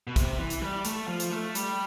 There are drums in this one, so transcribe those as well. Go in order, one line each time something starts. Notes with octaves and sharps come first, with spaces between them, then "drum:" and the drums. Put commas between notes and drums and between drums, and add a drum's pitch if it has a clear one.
B2
C3, drum: kick, hi-hat
E3
drum: hi-hat
G3
A3, drum: hi-hat
F3
drum: hi-hat
A3
G3, drum: hi-hat